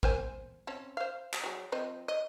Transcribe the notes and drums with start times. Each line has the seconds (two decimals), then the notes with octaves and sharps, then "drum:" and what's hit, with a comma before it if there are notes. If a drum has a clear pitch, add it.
0.03 A#4 C5 G#5, drum: kick
0.67 C4 C#4 A5
0.97 C5 F5
1.33 drum: clap
1.44 F#3 G#4
1.72 F3 C4 D#5
2.08 D#5